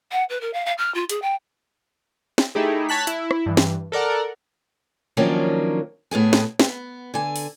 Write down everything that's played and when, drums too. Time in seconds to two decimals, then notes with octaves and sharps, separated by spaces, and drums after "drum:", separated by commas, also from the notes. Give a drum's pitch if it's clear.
0.12 F#5
0.30 B4
0.41 A#4
0.54 F5
0.66 F5
0.78 F6
0.95 F4
1.09 G#4, drum: hi-hat
1.22 G5
2.38 drum: snare
2.55 A3 D#4 E4 G4 G#4
2.89 C#5 A5 F#6 B6
3.07 E4, drum: hi-hat
3.31 drum: rim click
3.46 G2 E3
3.57 drum: snare
3.92 A4 A#4 D5 F#5
5.17 D#3 F3 F#3 A#3 C#4 D4
6.11 A2 B3 G#4 G#5
6.33 drum: snare
6.60 B3, drum: snare
7.14 D3 G#5
7.36 drum: open hi-hat